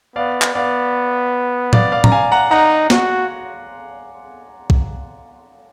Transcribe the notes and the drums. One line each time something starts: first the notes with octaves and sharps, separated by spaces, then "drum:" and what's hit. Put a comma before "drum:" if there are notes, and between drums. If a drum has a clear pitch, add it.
B3 D5 F5
drum: clap
B3 D5 F5
D5 F5, drum: tom A2
D5 F5
A#5, drum: tom A2
F5 G#5
F#5 A#5
D#4 F#5 A#5
F#4, drum: snare
drum: kick B1